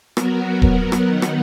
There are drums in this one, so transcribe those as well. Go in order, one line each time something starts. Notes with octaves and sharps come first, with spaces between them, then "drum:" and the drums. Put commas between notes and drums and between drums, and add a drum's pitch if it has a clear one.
F#3 B3 F#4 A#4, drum: rim click
drum: kick D#1
drum: rim click
D#3 F#3 B3 D#4 F#4
drum: rim click